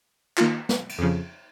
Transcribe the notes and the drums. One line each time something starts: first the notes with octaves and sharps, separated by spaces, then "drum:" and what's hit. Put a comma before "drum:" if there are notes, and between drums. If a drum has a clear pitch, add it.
D#3 A#3 F4, drum: clap
drum: snare
drum: cymbal
F2 C#3 F3